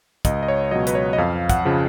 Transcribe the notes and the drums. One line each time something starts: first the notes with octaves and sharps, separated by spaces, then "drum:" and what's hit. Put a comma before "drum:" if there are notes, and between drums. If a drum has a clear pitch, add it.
C#2 D#5, drum: kick, hi-hat
D#5
C#5
B2 F#3 D#5
B4, drum: hi-hat
C#5
D#5
F2 F5
F#5, drum: kick, hi-hat
C#3 F3